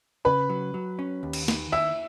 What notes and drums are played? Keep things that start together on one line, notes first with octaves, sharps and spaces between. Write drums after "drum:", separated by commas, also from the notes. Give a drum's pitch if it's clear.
C#3 B4 B5
F#3
F#3
C#4
D#2
drum: cymbal
D#3, drum: snare
E4 E5 E6